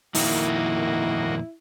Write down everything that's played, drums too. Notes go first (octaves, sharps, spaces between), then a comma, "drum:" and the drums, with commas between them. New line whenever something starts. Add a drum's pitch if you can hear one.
F2 A#2 D#3 A#3 E4 F#4 D#5, drum: open hi-hat